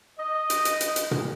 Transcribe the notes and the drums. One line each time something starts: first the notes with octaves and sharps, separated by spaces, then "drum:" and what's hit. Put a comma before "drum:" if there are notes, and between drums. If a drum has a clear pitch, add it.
D#5
drum: hi-hat
drum: hi-hat
drum: hi-hat
drum: hi-hat
drum: tom A#2